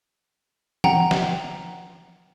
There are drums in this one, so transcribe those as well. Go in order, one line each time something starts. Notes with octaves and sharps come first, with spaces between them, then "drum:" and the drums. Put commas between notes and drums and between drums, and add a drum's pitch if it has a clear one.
F#5 G5 A#5, drum: tom E3
drum: snare